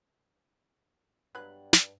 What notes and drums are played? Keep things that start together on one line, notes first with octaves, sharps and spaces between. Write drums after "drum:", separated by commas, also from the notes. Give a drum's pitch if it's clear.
G2 F#3 B3 B5 F#6
drum: snare